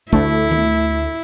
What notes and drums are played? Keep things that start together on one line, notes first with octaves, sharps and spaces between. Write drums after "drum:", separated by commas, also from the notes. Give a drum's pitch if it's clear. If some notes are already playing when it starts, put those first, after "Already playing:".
D2 A3 E4, drum: kick
drum: tom D#3